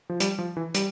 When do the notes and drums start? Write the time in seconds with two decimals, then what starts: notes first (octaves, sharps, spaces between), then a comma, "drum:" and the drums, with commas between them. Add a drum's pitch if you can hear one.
0.10 F3
0.20 G3, drum: hi-hat
0.38 F3
0.57 E3
0.74 G3, drum: hi-hat